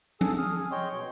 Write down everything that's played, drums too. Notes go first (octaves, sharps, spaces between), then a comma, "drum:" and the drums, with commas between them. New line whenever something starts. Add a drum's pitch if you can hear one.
G#4 A4 G#5 E6, drum: tom F3
G#4 G#5 D#6 F6
G#4
C#5 D#5 G5 C6 C#6
B2